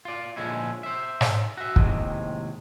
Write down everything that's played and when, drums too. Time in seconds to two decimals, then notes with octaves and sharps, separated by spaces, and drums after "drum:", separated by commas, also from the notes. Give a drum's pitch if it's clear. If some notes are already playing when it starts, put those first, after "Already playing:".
0.05 F4 D5
0.37 A#2 D3 F3 G#3 C#4 E4
0.83 C5 E5
1.21 drum: snare
1.57 F#4 E5
1.76 D#2 A2 C3 G#3, drum: kick